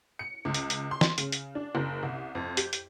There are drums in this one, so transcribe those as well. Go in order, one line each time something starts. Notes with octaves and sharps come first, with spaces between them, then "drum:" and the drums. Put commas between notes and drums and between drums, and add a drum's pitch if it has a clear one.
C#7
C#2
drum: hi-hat
drum: hi-hat
C6
drum: snare
C#3, drum: hi-hat
drum: hi-hat
D4
F#1
C2
F2
G4, drum: hi-hat
drum: hi-hat